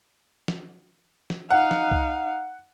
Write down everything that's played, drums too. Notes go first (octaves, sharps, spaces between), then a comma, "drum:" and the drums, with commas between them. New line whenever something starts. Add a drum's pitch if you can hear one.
drum: snare
drum: snare
D#4 F5 F#5
drum: snare
drum: kick C2